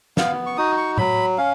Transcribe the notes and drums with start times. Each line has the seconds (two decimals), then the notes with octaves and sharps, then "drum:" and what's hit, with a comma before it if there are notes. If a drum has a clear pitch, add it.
0.17 B3 F5, drum: snare
0.46 C#6
0.57 D#4 F#4 D#6
0.78 C#6
0.98 F#3 B5, drum: tom A2
1.38 C#4 F5